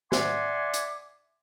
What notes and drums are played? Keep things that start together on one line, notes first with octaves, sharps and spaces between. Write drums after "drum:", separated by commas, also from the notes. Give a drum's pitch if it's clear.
D5 E5 F#5 G#5 C6 D6, drum: snare
drum: hi-hat